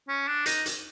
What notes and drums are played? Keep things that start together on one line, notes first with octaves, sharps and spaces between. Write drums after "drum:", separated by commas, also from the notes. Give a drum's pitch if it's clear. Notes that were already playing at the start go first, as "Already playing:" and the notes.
C#4
D4
D#4, drum: hi-hat
drum: hi-hat